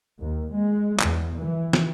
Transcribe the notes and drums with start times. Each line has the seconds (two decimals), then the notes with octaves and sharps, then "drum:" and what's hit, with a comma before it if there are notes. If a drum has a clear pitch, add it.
0.19 D#2
0.52 G#3
1.00 E2, drum: clap
1.37 E3
1.73 drum: snare